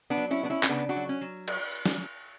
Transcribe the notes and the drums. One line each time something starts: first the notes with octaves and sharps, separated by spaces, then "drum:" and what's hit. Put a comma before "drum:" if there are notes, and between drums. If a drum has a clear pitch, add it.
B3 D4
F#3
C#4 E4
B3 D4
C#4 E4
C#4, drum: clap
C#3 B3 D4
D4 F#4
F#3
C#4
F#3
drum: cymbal
drum: snare